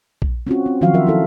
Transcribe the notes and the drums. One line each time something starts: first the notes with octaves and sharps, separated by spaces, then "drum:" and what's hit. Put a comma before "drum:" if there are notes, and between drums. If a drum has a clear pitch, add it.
drum: kick A#1
C4 C#4 F4 F#4
C4
D#3 F3 F#3 F4 F#4 F5
F#3 F4 A#4 E5
E4 A4